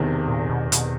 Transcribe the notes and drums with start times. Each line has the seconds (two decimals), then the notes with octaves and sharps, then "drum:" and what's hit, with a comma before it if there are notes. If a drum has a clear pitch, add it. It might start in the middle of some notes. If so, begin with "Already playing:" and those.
Already playing: E1 E2 C3 D#3
0.28 A#2
0.50 B2
0.72 B2, drum: hi-hat